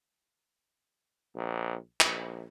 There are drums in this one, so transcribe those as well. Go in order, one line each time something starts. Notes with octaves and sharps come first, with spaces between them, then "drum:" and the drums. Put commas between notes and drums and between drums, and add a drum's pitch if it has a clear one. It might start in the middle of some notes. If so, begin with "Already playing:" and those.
A#1
A#1, drum: clap